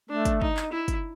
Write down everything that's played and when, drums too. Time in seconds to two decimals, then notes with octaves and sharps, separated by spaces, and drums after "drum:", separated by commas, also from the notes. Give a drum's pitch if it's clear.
0.10 A3 D4
0.25 drum: kick, hi-hat
0.42 D#4, drum: kick
0.57 drum: clap
0.73 E4
0.88 drum: kick, hi-hat